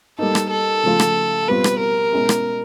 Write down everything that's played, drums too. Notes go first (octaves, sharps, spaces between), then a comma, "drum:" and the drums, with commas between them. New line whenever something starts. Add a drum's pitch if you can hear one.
G3 A#3 D#4 A4
drum: rim click
A4
C#3 F3 A3
drum: rim click
B2 G3 C4 F4 B4
drum: rim click
A#4
B2 G#3 C#4 E4 G#4
drum: rim click